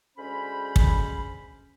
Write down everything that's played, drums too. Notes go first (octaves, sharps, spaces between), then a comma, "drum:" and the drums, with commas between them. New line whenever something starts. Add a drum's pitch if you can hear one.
D2 G#3 C#4 C5 B5
drum: kick